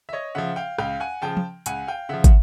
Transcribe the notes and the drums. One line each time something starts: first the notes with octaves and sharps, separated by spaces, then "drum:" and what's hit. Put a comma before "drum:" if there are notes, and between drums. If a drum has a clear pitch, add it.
E5
C#5 D#5
C#3 F3 E5 F#5
F5 G5
C#2 F5 G5, drum: rim click
F#5 G#5
C#3 F3 G5 A5
drum: tom F3
C#2 F#5 G#5, drum: hi-hat
F5 G5
C#3 F3 E5 F#5
drum: kick, hi-hat